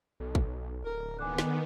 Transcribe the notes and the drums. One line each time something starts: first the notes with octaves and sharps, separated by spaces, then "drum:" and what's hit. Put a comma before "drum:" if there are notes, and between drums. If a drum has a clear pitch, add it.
B1 A4
drum: kick
D1 A#4
D3 D#3 B3 G#5 D6 F#6
drum: snare